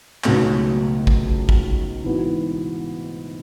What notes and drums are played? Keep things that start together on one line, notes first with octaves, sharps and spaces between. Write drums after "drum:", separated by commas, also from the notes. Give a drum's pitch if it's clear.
C#2 B2 F#3 A3 D#4, drum: clap
drum: kick
drum: kick
G#2 E3 B3 F#4